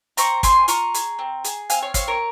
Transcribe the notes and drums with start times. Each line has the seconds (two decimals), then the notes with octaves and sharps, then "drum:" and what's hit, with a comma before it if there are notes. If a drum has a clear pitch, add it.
0.17 C4 A#5 C#6, drum: hi-hat
0.43 C4 G#5 C6, drum: kick, hi-hat
0.68 F4 A#5 C#6, drum: hi-hat
0.94 G#4, drum: hi-hat
1.19 C4
1.44 G#4, drum: hi-hat
1.70 C4 F5 G#5, drum: hi-hat
1.82 C#5 F5
1.94 C4 C#5 F5, drum: kick, hi-hat
2.08 A#4 C#5